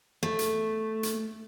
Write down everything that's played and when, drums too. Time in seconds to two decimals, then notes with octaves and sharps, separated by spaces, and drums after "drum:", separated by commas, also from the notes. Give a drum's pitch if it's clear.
0.23 A3
0.39 drum: hi-hat
1.03 drum: hi-hat